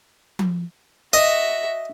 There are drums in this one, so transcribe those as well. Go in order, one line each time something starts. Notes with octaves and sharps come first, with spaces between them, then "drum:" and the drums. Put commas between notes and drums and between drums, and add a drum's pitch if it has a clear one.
drum: tom F3
F#4 D#5 E5